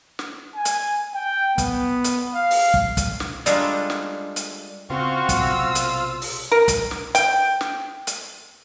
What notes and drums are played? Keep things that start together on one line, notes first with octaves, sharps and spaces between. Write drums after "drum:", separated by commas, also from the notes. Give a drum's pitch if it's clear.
drum: snare
G#5
drum: hi-hat
G5
B3, drum: kick, hi-hat
drum: hi-hat
F5
drum: open hi-hat
drum: kick
drum: kick, hi-hat
drum: snare
G3 G#3 D4 F4 A4 A#5, drum: hi-hat
drum: snare
drum: hi-hat
C#3 C4 F4 F#4 C5 C#6
drum: kick, hi-hat
B1 C3 E6
drum: hi-hat
drum: open hi-hat
A#4
drum: kick, hi-hat
drum: snare
G5, drum: hi-hat
drum: snare
drum: hi-hat